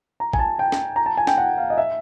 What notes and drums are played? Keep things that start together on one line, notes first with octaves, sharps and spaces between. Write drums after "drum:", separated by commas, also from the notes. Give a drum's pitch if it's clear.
A#5
G#5, drum: kick
A5
G5
drum: snare
A#5
A5
G#5
G5, drum: snare
F#5
F5
D#5
E5